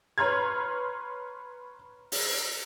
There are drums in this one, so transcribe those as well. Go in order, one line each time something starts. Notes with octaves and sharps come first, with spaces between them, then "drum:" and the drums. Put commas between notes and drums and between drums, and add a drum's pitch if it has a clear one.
B4 C#5 A#5 C6 F6 G#6
drum: open hi-hat